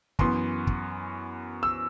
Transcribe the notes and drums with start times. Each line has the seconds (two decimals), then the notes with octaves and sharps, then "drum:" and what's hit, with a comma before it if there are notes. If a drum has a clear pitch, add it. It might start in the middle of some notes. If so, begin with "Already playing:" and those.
0.19 F#2 E3 B3 C6, drum: kick
0.67 drum: kick
1.63 E6